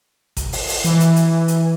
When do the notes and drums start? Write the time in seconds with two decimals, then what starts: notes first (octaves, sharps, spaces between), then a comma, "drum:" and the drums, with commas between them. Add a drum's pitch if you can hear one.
0.37 drum: kick G#1, hi-hat
0.52 drum: open hi-hat
0.68 drum: open hi-hat
0.84 E3, drum: hi-hat
1.00 drum: hi-hat
1.16 drum: hi-hat
1.48 drum: hi-hat